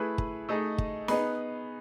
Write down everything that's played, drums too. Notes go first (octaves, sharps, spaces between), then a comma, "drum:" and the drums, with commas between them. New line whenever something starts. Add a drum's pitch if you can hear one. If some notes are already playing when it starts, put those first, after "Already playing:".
Already playing: A3 E4 G#4 B4
drum: kick
A3 D#4 G#4 D#5
drum: kick
B3 D#4 G#4 B4, drum: snare